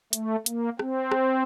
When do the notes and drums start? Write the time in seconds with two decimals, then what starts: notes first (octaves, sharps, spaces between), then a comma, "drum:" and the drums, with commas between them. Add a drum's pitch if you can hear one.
0.13 A3, drum: hi-hat
0.46 A#3, drum: hi-hat
0.79 C4, drum: rim click
1.12 drum: rim click